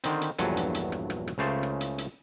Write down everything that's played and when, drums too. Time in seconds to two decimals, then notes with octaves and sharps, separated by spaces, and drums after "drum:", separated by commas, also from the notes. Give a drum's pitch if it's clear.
0.04 D3 D#3 C4, drum: hi-hat
0.21 drum: hi-hat
0.38 A#1 E2 G2 F#3 A4 G#5, drum: hi-hat
0.57 drum: hi-hat
0.74 drum: hi-hat
0.92 drum: rim click
1.10 drum: rim click
1.27 drum: rim click
1.38 C#2 C#3 A3 C5 A5
1.63 drum: rim click
1.81 drum: hi-hat
1.98 drum: hi-hat